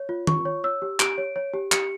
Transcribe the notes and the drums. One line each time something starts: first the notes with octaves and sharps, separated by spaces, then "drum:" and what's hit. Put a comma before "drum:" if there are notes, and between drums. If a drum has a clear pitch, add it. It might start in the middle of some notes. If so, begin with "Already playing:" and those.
Already playing: C#5
F4
F4 C#6, drum: tom D#3
C#5
C#5 E6
G4
G4 D7, drum: clap
C#5
C#5
G4
G4 C#7, drum: clap